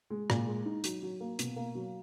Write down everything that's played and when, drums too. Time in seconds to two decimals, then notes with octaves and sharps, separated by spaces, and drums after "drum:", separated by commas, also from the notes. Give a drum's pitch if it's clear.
0.10 G#3
0.30 A#2, drum: rim click
0.47 G#3
0.66 D#4
0.84 F#3, drum: hi-hat
1.02 F#3
1.20 A#3
1.39 B2, drum: hi-hat
1.56 A#3
1.75 F#3